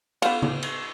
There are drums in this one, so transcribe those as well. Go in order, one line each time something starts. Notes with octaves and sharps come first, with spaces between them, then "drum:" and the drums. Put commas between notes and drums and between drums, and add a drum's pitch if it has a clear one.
B3 F4, drum: cymbal
drum: tom
drum: cymbal